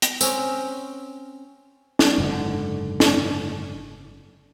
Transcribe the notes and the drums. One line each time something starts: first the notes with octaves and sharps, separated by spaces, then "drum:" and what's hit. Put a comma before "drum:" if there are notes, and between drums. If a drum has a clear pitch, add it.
drum: hi-hat
C4 C#4, drum: tambourine
drum: snare
F#1 G#2 B2 D3
drum: snare